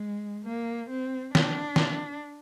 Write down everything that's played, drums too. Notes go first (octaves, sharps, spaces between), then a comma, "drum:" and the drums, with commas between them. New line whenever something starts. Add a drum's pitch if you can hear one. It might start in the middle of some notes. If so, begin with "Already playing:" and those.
Already playing: G#3
A#3
C4
D4, drum: snare
drum: snare